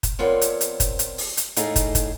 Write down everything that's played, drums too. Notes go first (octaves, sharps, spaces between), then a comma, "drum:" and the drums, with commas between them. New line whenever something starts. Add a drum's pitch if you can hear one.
drum: kick, hi-hat
F3 B3 C4 A#4 C#5 D5
drum: hi-hat
drum: hi-hat
drum: kick, hi-hat
drum: hi-hat
drum: open hi-hat
drum: hi-hat
E2 A2 A3 D#4 G#4 F5, drum: hi-hat
drum: kick, hi-hat
drum: kick, hi-hat